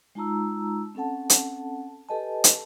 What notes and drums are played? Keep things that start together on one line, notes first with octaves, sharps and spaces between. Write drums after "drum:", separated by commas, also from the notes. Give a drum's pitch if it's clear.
G#3 D#4 F4 A5 A#5 E6
C4 C#4 A4 F#5 A5
drum: hi-hat
G4 A4 B4 D#5 G#5 A5
drum: hi-hat